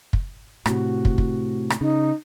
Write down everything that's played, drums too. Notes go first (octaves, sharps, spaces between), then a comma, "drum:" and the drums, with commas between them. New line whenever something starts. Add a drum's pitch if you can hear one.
drum: kick
A2 C3 F#4, drum: rim click
drum: kick
drum: kick
drum: rim click
C#3 D#4